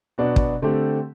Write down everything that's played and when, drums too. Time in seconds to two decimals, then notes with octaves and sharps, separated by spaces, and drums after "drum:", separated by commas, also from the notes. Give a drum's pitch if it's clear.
0.18 B2 F#3 B3 D4 F#4
0.36 drum: kick
0.62 D3 A3 C4 G4